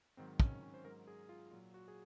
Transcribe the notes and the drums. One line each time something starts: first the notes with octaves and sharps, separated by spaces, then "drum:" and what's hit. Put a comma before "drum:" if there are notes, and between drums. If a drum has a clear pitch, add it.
G#2 D#3 F#3 C4
C#4, drum: kick
C#4
C5
G#2 F#3 A#4
G#4
F4
A#2 F#3 F4
F#4
G#4